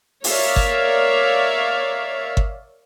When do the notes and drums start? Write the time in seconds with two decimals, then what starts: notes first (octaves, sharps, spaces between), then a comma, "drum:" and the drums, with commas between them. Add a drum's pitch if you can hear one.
0.24 A#4 C#5 D5 E5 F5, drum: open hi-hat
0.56 drum: kick G1
2.37 drum: kick G1